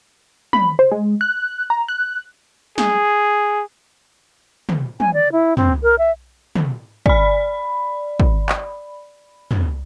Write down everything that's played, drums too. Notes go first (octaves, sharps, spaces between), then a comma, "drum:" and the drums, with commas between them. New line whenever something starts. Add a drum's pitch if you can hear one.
B5, drum: tom
C5
G#3
F#6
A#5
F#6
G#4, drum: snare
drum: tom
G#5, drum: tom
D5
E4
C4, drum: tom
A#4
E5
drum: tom
D5 B5, drum: kick
drum: kick
drum: clap
drum: tom